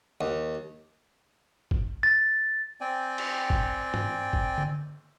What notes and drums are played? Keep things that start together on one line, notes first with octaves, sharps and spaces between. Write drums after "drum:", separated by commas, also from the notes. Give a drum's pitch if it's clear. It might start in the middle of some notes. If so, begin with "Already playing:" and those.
D#2
drum: kick G1
A6
C4 D5 G5 G#5
drum: cymbal
drum: kick G1
drum: tom G2
drum: kick G1
drum: tom D3